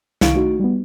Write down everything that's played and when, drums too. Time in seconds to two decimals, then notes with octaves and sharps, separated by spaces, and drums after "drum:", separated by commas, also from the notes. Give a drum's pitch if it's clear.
0.21 C2 D#3 E4 F5 C#6 D7, drum: snare
0.34 A3 D#4 F#4
0.60 G3 B3